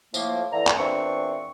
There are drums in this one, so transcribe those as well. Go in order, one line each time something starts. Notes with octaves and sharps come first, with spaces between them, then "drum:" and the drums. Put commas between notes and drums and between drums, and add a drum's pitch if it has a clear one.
A2 F3 A#3, drum: tambourine
D3 E3 A#5
drum: clap
E2 A#2 E3 C4 D4 C#6